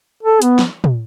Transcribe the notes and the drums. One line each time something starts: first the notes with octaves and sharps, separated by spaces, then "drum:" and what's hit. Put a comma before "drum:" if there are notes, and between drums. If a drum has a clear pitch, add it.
A4
B3, drum: hi-hat
drum: snare
drum: tom